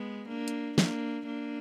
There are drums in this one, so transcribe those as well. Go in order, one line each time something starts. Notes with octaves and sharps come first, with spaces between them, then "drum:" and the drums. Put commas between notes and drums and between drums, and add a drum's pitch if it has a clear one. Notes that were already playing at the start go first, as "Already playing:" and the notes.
Already playing: G#3 B3
A#3 D4
drum: hi-hat
A#3 D4, drum: snare
A#3 D4